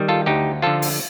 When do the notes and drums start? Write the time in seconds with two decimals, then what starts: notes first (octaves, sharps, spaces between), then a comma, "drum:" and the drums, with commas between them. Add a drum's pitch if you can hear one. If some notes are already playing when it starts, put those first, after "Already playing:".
Already playing: D#3 G3
0.08 F4 A4
0.26 D2 D#4 G4
0.62 D3 F3 F4 A4
0.82 drum: open hi-hat